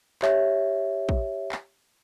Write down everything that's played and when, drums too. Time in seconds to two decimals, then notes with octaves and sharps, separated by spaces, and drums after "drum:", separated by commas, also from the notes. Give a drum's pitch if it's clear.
0.22 G4 C#5 E5, drum: clap
1.09 drum: kick
1.52 drum: clap